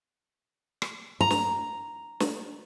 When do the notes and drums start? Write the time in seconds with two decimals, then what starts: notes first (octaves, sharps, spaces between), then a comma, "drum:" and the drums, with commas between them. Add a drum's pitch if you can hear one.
0.82 drum: rim click
1.21 A#5
1.31 drum: snare
2.20 drum: snare